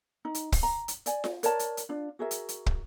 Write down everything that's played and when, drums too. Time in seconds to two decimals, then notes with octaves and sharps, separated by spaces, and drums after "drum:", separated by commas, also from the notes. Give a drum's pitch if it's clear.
0.25 D#4
0.35 drum: hi-hat
0.52 drum: kick, open hi-hat
0.63 A#5
0.88 drum: hi-hat
1.06 D5 G#5, drum: hi-hat
1.24 drum: snare F4
1.43 A#4 C#5 D5 A5, drum: hi-hat
1.59 drum: hi-hat
1.77 drum: hi-hat
1.89 D4 F4
2.19 F#4 G#4 A#4 E5
2.31 drum: hi-hat
2.49 drum: hi-hat
2.66 drum: kick